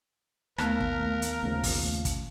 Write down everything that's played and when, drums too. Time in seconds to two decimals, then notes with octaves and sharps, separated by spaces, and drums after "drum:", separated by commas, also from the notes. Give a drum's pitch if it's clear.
0.58 D#2 A3 B3 A#4 F5 F#6 B6, drum: rim click
0.80 drum: kick
1.22 drum: hi-hat
1.43 D#2 C#3 F3
1.63 drum: kick, open hi-hat
2.05 drum: kick, hi-hat